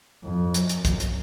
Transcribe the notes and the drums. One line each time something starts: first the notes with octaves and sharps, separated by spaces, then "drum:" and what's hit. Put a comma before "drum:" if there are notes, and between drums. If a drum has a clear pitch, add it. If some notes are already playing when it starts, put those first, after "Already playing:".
F2
F#2, drum: hi-hat
drum: hi-hat
drum: kick, hi-hat
drum: hi-hat